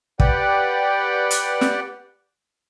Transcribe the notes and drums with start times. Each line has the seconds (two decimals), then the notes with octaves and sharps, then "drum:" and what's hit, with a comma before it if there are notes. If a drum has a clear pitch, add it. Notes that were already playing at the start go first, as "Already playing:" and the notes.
0.20 G4 B4 D5 F#5 G5, drum: kick
1.31 drum: hi-hat
1.61 drum: snare